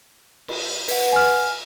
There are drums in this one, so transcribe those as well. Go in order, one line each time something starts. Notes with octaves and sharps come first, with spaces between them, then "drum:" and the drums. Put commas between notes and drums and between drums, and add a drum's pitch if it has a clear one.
drum: cymbal
B4 F#5, drum: open hi-hat
G#5 F6